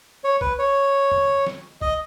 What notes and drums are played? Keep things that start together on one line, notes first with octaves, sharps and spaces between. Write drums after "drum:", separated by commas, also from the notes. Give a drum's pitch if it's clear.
C#5
B4, drum: kick
C#5
drum: tom E2
drum: snare
D#5, drum: kick